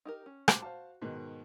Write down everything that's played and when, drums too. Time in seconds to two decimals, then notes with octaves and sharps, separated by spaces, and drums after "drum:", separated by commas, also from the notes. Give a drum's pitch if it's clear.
0.05 D#4 G4 A#4
0.26 C#4
0.48 G#3 F#4 C5 D6, drum: rim click
0.62 F#4 C5 F5 A5
1.02 G#2 B2 D#3